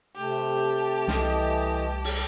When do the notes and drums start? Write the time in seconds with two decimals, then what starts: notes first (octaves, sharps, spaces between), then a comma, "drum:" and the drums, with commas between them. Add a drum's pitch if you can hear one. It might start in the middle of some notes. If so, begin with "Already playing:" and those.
0.17 C3 A3 G4 A5
1.08 C2 E3 A3 D#5, drum: snare
2.04 drum: open hi-hat